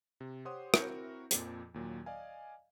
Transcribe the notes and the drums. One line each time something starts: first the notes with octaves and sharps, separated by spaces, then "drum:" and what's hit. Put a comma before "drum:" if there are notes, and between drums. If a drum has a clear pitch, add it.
C3
G4 C5 C#5 F#5 C6 D#6
C4 E4 F#4 A#4 G6 C#7, drum: rim click
F2 A#2 F3, drum: hi-hat
D#2 A#2 F#3
D5 D#5 F5 G#5